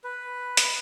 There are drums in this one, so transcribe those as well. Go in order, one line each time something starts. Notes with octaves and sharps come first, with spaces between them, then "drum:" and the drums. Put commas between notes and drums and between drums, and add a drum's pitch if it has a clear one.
B4
drum: hi-hat